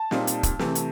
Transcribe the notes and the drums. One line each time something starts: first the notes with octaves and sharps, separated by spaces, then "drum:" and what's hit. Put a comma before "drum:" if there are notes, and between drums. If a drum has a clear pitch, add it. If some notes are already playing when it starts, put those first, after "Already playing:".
Already playing: A5
A#2 G3 C4 D#4, drum: snare
drum: hi-hat
drum: kick, hi-hat
C3 E3 A3, drum: snare
drum: hi-hat